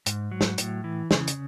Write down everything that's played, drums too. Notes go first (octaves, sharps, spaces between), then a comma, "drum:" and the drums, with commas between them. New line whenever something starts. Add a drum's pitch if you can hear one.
G#2, drum: hi-hat
F#3
drum: snare
A2, drum: hi-hat
E3
C#3, drum: snare
drum: hi-hat